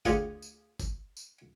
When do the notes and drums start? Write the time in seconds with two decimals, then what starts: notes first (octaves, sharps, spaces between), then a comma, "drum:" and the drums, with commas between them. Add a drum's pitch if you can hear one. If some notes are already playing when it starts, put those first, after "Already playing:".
0.05 D2 F4 G4 G#4 F#5 D#6, drum: kick, tambourine
0.42 drum: tambourine
0.80 drum: kick, tambourine
1.17 drum: tambourine